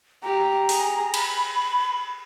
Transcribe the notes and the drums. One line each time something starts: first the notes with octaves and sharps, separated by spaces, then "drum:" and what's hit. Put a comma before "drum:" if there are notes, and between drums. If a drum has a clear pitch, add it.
G4 A#5
G#4, drum: open hi-hat
B5, drum: cymbal